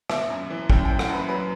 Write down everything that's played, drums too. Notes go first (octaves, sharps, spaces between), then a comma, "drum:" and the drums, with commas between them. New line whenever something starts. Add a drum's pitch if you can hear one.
B3 E5, drum: rim click
F#2
E3
F#2 G5, drum: kick
G5
E3
F#5, drum: rim click
F#2 B4
F#3 B4